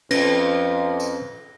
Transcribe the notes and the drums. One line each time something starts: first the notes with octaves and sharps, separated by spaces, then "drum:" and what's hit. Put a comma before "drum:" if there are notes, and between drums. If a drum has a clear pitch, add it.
F2 C#4 B4 A#6, drum: cymbal
drum: tambourine